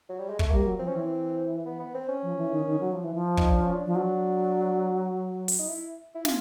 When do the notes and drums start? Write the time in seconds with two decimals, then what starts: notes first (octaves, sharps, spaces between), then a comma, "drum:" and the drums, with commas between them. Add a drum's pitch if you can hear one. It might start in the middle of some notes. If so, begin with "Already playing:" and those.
0.09 F#3
0.19 G3
0.29 G#3
0.39 A3, drum: kick
0.50 G3 A#3
0.64 F#3
0.79 F3 C4
0.87 C#4
0.93 E3 C4
1.65 B3
1.80 B3
1.94 C4
2.09 C#4
2.23 F3
2.37 E3
2.52 D#3
2.66 D#3
2.80 F#3
2.92 F3
3.04 E3
3.15 F3
3.37 D#4, drum: kick
3.50 D4
3.62 C#4
3.75 D4
3.86 F3
3.95 F#3
5.48 drum: open hi-hat
5.59 D#4
5.68 E4
6.15 E4
6.25 F4, drum: snare